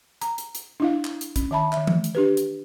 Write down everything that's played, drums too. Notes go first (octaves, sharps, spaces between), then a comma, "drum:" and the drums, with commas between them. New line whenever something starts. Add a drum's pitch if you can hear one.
A#5, drum: hi-hat
drum: hi-hat
drum: hi-hat
D4 E4 F5
drum: clap
drum: hi-hat
C#4, drum: kick, hi-hat
D#3 E5 A5 B5
D#3 E5, drum: clap
drum: tom E3
drum: hi-hat
D4 G4 B4
drum: hi-hat